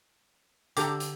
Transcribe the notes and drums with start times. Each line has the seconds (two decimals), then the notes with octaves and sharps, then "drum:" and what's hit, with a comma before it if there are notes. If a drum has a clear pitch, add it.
0.77 D3 G4 A4 G5 A#5 D6, drum: hi-hat
1.00 drum: hi-hat